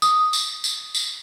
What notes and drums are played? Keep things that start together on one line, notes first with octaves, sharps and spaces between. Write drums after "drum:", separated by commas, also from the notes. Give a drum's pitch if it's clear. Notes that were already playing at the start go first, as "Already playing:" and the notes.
D#6, drum: tambourine
drum: tambourine
drum: tambourine
drum: tambourine